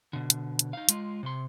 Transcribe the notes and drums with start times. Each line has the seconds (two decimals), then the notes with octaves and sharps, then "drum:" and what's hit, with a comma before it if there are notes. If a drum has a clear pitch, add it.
0.13 B2 D3
0.30 drum: hi-hat
0.59 drum: hi-hat
0.73 D#4 F5
0.89 G#3 F4, drum: hi-hat
1.23 C3 C6